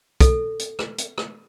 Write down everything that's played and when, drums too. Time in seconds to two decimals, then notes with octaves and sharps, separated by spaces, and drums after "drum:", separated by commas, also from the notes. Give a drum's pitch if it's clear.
0.20 A4, drum: kick, hi-hat
0.59 drum: hi-hat
0.79 drum: rim click
0.98 drum: hi-hat
1.18 drum: rim click